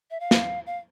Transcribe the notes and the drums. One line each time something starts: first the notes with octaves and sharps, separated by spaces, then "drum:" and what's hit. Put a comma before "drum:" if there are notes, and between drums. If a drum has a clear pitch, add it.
E5
F5
drum: snare
F5